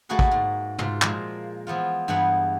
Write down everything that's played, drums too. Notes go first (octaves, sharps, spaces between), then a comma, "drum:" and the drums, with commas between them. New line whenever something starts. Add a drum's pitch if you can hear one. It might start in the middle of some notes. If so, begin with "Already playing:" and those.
A3 A#3 F#4 G#4 B4
drum: kick
G#2
G#2 F4 E5, drum: tom
A#2 F3 G#3 A#3, drum: clap
E3 F3 B3 F4
G2 E3 B3 G#4 F#5 B5